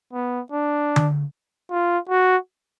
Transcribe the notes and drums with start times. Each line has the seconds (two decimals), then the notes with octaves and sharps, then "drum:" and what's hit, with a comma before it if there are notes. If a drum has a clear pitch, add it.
0.13 B3
0.52 D4
0.96 drum: tom D3
1.71 F4
2.09 F#4